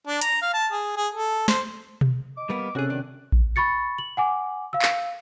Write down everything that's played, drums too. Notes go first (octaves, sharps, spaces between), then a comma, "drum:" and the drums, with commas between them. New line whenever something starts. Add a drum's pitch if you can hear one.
D4
A#5, drum: hi-hat
F5
A5
G#4
G#4
A4
C5, drum: snare
drum: tom B2
D#5 D6
G3 A#3 B3
C2 C3 C#4 F#4 G#4 A4 F#6
F#2 A#2 D#3 D4
drum: kick A1
B5 C#6 A6 C#7
F#7
F#5 G#5 D6
F5 E6
drum: clap